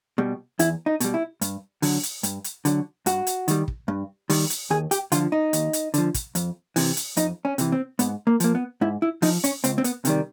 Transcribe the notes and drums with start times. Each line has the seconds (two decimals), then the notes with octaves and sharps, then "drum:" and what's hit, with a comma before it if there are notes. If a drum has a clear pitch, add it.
0.18 B2 G3
0.59 E2 E4, drum: hi-hat
0.86 D#4
1.00 B2 G3, drum: hi-hat
1.14 E4
1.41 G2, drum: hi-hat
1.82 D3 F#3, drum: open hi-hat
2.03 drum: hi-hat
2.23 G2, drum: hi-hat
2.44 drum: hi-hat
2.65 D3 F#3, drum: hi-hat
3.06 G2 F#4, drum: hi-hat
3.27 drum: hi-hat
3.48 D#3 G3, drum: hi-hat
3.68 drum: kick
3.88 G2
4.30 D#3 G3, drum: open hi-hat
4.50 drum: hi-hat
4.70 D#2 G#4
4.91 G4, drum: hi-hat
5.12 D3 F3 F4, drum: hi-hat
5.32 D#4
5.53 D#2, drum: hi-hat
5.73 drum: hi-hat
5.94 D3 F3, drum: hi-hat
6.14 drum: kick, hi-hat
6.35 F2, drum: hi-hat
6.76 C3 E3, drum: open hi-hat
6.97 drum: hi-hat
7.17 F2 D#4, drum: hi-hat
7.45 C#4
7.58 C3 E3, drum: hi-hat
7.72 C4
7.99 G#2 B3, drum: hi-hat
8.27 A#3
8.40 F3 A#3, drum: hi-hat
8.55 B3
8.81 G#2 E4
9.02 E4
9.22 F3 D#4, drum: open hi-hat
9.44 C#4, drum: hi-hat
9.64 C#2 C4, drum: hi-hat
9.78 C4
9.84 B3, drum: hi-hat
10.05 C3 D#3 G3, drum: hi-hat